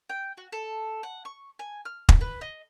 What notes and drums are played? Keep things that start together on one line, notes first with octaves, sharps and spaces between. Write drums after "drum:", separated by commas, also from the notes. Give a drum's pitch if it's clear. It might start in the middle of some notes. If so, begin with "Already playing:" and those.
G5
F#4
A4
F#5
C#6
G#5
F6
drum: kick
B4
D#5